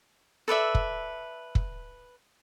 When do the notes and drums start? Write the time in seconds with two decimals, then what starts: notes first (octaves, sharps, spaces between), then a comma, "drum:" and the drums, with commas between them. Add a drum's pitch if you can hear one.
0.48 A4 B4 D5 E5
0.75 drum: kick
1.55 drum: kick